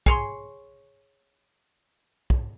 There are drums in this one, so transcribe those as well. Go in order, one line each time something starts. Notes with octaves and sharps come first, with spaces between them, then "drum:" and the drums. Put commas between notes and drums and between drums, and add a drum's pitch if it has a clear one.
G#4 C#5 C6, drum: kick
drum: kick